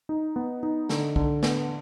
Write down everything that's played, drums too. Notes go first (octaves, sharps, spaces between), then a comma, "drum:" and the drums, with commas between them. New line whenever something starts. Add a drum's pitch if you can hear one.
D#4
B3
D#4
D3, drum: snare
D3, drum: kick C2
B3, drum: snare